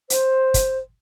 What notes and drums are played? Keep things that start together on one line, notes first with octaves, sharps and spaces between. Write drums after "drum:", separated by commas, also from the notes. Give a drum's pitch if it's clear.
C5, drum: hi-hat
drum: kick, hi-hat